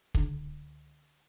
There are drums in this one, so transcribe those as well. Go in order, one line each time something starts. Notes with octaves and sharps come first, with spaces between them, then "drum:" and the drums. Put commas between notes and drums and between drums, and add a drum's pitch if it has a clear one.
C#2 D3, drum: kick